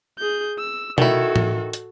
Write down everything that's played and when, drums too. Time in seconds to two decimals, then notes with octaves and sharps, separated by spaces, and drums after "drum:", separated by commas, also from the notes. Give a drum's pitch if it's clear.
0.19 G#4 G6
0.59 E6
0.98 D#3 E4 F#4 A4, drum: tom B2
1.36 drum: tom A2
1.73 drum: hi-hat